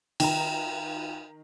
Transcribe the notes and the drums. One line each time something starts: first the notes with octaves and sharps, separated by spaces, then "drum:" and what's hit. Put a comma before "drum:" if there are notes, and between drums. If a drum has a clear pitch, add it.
D#3 G5 A#5, drum: cymbal